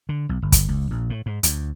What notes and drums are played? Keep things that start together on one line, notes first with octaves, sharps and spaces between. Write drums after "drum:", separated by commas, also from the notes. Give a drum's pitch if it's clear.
D3
B1
G1
drum: kick, hi-hat
C#2
A#1
A2
G#2
D2, drum: hi-hat